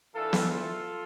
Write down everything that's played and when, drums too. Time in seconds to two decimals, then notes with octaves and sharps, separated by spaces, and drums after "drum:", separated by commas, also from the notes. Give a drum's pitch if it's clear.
0.14 E3 A3 D4 F4 A4
0.33 drum: snare
0.50 F4 A4